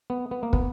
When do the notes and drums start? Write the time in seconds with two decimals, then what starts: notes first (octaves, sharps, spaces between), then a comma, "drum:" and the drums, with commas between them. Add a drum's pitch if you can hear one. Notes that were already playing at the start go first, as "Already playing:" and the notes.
0.10 B3
0.31 B3
0.43 A#3
0.53 B3, drum: kick